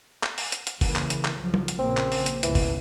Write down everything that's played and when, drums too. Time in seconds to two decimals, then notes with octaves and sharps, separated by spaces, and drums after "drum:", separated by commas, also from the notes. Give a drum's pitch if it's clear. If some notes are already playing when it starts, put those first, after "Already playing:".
0.23 drum: clap
0.38 drum: open hi-hat
0.52 drum: hi-hat
0.67 drum: hi-hat
0.81 C#3 E3 A#3, drum: kick, open hi-hat
0.96 drum: clap
1.10 drum: hi-hat
1.25 drum: clap
1.35 C#2 F3 F#3
1.54 drum: tom F#3
1.68 drum: hi-hat
1.79 A#1 C#3 A#3 C4
1.97 drum: clap
2.12 drum: open hi-hat
2.26 drum: hi-hat
2.43 C#2 G#2 B2 E3, drum: hi-hat
2.55 drum: kick, open hi-hat